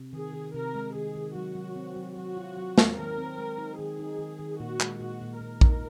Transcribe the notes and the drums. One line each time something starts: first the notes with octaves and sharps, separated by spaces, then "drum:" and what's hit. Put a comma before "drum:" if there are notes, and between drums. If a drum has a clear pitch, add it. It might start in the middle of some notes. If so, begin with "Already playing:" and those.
Already playing: C3
D#3 G#4
D#3
C3 A#4
G#3
D#3 G#4
D#3
F#3 F#4
F#3
C4
F#3
F#3 F#4
F4
F#3
C4, drum: snare
D#3 A#4
C4
G#3
D#4
D#3 G#4
D#4
D#3
D#3
A#2 F#4
G#3, drum: clap
A#2 F#4
A#2
A#2 A#4
D#4, drum: kick A#1